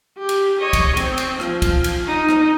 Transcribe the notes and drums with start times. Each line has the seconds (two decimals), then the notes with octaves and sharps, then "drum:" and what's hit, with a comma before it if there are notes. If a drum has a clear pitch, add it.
0.18 G4
0.29 drum: cymbal
0.59 C#5 D#5
0.73 drum: kick, cymbal
0.97 C4, drum: cymbal
1.18 drum: cymbal
1.40 F3, drum: rim click
1.62 drum: kick, cymbal
1.84 drum: cymbal
2.06 D#4
2.29 drum: rim click